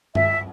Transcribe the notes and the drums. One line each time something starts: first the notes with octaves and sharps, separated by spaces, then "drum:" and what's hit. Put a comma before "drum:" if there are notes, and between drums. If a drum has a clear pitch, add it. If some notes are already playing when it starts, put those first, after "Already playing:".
E5, drum: tom G2